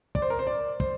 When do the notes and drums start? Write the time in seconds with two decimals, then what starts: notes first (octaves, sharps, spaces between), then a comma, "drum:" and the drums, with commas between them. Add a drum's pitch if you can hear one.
0.15 D5, drum: kick
0.22 C5
0.30 A#4
0.39 C5
0.47 D5
0.80 C5, drum: kick